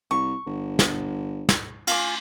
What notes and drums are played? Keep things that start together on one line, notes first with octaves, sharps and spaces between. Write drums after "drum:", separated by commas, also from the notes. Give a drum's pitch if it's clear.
C2 C#6
G1
drum: snare
drum: snare
F4 G#5 D6, drum: cymbal